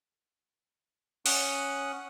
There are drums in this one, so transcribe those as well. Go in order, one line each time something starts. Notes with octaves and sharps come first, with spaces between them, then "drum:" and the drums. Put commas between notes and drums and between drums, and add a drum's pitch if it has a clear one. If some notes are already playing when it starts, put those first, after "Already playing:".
C#4 F#5 D#6 F#6, drum: open hi-hat